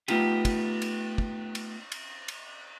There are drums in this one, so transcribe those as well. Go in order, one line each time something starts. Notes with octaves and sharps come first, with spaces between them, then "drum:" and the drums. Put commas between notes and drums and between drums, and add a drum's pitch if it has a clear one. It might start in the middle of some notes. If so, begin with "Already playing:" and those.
A3 B3 D#4 F4 G4, drum: cymbal
drum: kick, cymbal
drum: cymbal
drum: kick
drum: cymbal
drum: cymbal
drum: cymbal